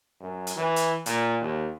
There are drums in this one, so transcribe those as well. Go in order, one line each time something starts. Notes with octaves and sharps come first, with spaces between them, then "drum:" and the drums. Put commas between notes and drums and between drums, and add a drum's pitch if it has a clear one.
F#2
drum: hi-hat
E3
drum: hi-hat
A#2, drum: hi-hat
D#2